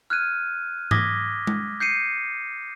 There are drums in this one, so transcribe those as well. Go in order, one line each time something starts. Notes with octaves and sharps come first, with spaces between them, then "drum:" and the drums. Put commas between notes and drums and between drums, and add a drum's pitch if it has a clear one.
F6 F#6 G#6 D#7
D6 D#6 G#6 A#6 B6 G7, drum: tom G#2
drum: tom G#3
G6 C7 C#7 D#7